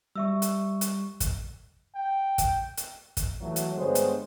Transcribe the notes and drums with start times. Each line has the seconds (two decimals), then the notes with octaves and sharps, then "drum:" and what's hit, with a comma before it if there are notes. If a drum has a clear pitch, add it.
0.16 G3 E5 C#6 E6
0.42 drum: hi-hat
0.81 drum: hi-hat
1.20 drum: kick, hi-hat
1.95 G5
2.38 drum: kick, hi-hat
2.77 drum: hi-hat
3.17 drum: kick, hi-hat
3.41 E3 F#3 A3
3.56 drum: hi-hat
3.76 G2 D3 G#3 B3 C5 C#5
3.95 drum: hi-hat